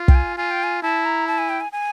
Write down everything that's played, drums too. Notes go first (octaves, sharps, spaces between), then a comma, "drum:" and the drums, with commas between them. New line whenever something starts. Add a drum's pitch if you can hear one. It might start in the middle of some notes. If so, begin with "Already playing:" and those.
Already playing: F4
G5, drum: kick
G#5
F4 G#5
G5
G#5
E4 A5
A#5
A5
G#5
G5
G#5
G#5